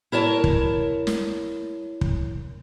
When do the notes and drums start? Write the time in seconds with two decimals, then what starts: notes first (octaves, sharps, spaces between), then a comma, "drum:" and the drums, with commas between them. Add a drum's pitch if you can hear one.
0.12 E4 A#4 C#5 A5
0.44 drum: kick
1.07 drum: snare
2.01 drum: kick